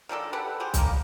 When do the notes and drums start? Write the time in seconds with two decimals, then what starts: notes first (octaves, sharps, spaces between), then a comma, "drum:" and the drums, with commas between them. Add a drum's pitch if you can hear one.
0.09 D#3 G#3 D4 A4
0.33 G4 A4 B4 F#5
0.60 G4 G#4 C5
0.74 D#3 G3 A#3, drum: kick B1, hi-hat